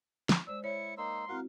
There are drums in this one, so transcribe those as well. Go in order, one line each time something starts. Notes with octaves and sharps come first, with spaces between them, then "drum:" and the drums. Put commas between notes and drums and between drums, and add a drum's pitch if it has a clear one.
drum: snare
G#3 C5 D5 E6
E4 C#5 C#7
A#3 D#4 C6 E6
C4 E4 F#4 A#4 F5 F#5